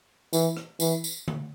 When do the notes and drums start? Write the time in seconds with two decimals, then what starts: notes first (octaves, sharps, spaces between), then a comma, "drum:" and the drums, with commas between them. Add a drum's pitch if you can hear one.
0.33 E3, drum: tambourine
0.57 drum: rim click
0.80 E3, drum: tambourine
1.04 drum: tambourine
1.28 drum: tom D3